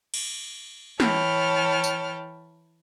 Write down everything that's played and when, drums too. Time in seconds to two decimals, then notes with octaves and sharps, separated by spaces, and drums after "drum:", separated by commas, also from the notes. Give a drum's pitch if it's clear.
0.14 drum: cymbal
1.00 E3 C#5 G5 A5 B5 F6, drum: snare
1.84 drum: tambourine